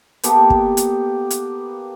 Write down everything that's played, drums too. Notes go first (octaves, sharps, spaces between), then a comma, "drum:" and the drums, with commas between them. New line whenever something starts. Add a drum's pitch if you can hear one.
A#3 B3 G4 A4, drum: hi-hat
drum: kick
drum: hi-hat
drum: hi-hat